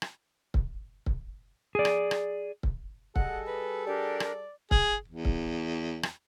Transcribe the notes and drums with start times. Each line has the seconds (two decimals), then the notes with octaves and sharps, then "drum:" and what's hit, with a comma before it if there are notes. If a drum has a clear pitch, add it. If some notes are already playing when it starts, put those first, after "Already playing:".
0.02 drum: rim click
0.54 drum: kick C#1
1.06 drum: kick C#1
1.75 G#4 D5
1.85 drum: rim click
2.11 drum: rim click
2.63 drum: kick C#1
3.16 G3 G#4 A4 D#5 F#5, drum: kick C#1
3.47 B4
3.87 D4 G4 A#4 D5
4.20 drum: rim click
4.71 G#4, drum: kick C#1
5.08 E2
5.25 drum: kick C#1
6.03 drum: rim click